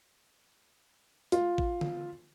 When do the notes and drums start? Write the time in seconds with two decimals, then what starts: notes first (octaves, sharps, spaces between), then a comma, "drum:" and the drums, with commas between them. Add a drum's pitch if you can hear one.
1.32 F4, drum: hi-hat
1.58 drum: kick
1.81 drum: tom